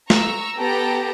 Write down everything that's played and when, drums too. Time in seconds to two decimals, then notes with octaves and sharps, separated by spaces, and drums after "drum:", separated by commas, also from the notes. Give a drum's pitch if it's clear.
0.10 A#5 C#6 E6, drum: snare
0.59 B3 G4 A4 G5 A5 A#5